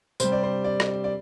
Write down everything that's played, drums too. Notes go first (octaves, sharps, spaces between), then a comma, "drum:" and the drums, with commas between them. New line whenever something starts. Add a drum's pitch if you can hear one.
C3 G3 C5, drum: tambourine
D5
C5
D5
drum: rim click
D5